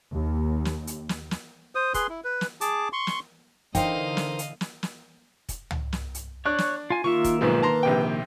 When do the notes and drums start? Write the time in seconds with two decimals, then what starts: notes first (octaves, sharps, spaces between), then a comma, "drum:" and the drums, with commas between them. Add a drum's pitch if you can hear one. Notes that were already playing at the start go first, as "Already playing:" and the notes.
0.12 D#2
0.65 drum: snare
0.87 drum: hi-hat
1.09 drum: snare
1.31 drum: snare
1.75 C5 D#6
1.94 G#4 B4 C6, drum: kick, hi-hat
2.09 E4
2.24 B4
2.41 drum: snare
2.61 G#4 A5 D6, drum: hi-hat
2.93 C6 C#6
3.07 drum: snare
3.75 D3 E3 D#4 A#4 C5 D#5 F5 G5, drum: kick, hi-hat
4.17 drum: snare
4.39 drum: hi-hat
4.61 drum: snare
4.83 drum: snare
5.49 drum: kick, hi-hat
5.71 drum: tom C#2
5.93 drum: snare
6.15 drum: hi-hat
6.45 D4 C#5 C#6 F#6
6.58 drum: snare
6.90 F4 G#5
7.04 D#3 A#3 F4 E5 C#6
7.24 drum: kick, hi-hat
7.41 B1 G#2 F3 B4
7.63 A5 A#5 C6
7.83 A#1 C3 G5